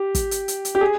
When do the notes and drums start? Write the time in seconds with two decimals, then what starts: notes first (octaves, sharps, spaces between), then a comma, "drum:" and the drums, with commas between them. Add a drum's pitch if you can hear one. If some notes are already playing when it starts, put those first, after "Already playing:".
Already playing: G4
0.15 drum: kick, hi-hat
0.31 drum: hi-hat
0.48 drum: hi-hat
0.65 drum: hi-hat
0.75 G4
0.81 G#4